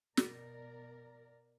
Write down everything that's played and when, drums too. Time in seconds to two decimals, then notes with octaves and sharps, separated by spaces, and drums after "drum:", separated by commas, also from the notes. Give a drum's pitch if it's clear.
0.17 B2 A#4 D5, drum: snare